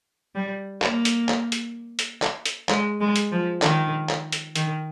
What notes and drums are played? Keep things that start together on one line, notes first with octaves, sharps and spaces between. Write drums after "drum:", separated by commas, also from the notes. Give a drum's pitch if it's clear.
G3
A#3, drum: clap
drum: hi-hat
drum: clap
drum: hi-hat
drum: hi-hat
drum: clap
drum: hi-hat
G#3, drum: clap
G#3
drum: hi-hat
F3
D#3, drum: clap
drum: clap
drum: hi-hat
D#3, drum: hi-hat